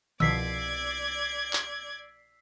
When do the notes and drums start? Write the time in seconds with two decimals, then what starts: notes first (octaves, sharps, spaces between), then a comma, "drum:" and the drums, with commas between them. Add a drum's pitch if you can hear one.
0.20 C2 B2 F3 D5 E6 G#6 B6 C7, drum: tom D3
1.53 drum: clap